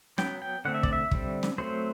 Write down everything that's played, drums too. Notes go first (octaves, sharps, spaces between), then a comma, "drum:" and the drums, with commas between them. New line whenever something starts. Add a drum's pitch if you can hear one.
F#3 B3 G5, drum: snare
G5
D3 A3 C4 F#5
E5
D5, drum: kick
E5
D3 G3 C4, drum: kick
drum: snare
F#3 A3 C4 C5